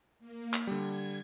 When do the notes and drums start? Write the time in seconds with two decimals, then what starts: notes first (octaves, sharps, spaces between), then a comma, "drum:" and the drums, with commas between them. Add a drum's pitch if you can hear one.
0.19 A#3
0.54 drum: clap
0.67 D3 G3 G#6